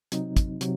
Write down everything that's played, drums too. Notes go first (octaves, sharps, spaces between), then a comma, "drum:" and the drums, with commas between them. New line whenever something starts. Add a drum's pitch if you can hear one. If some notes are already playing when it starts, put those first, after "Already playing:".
C3 F#3 C4 D#4, drum: hi-hat
drum: kick, hi-hat
C3 F#3, drum: hi-hat